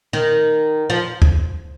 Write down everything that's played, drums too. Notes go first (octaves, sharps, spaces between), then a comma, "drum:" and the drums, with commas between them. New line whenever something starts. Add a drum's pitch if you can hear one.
D#3
F3
drum: kick D2